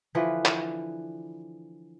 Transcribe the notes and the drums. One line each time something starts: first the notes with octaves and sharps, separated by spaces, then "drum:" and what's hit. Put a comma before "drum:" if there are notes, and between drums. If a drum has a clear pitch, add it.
D3 E3 F3 B4
drum: clap